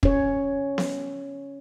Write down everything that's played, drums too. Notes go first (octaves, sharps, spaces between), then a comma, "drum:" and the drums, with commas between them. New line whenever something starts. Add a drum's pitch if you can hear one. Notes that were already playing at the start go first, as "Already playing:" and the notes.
C#4 C#5, drum: kick
drum: snare B3